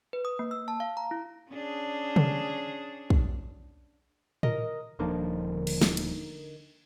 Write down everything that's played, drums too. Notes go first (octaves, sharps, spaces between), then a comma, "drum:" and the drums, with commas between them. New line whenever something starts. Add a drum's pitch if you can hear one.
B4
D#6
A#3
E6
A5
F5
A#5
E4
C#4 D4 G#4
drum: tom C3
drum: kick
A#4 D#5, drum: tom A2
D#1 D3 F3 A#3 D#4
drum: cymbal
drum: snare
drum: cymbal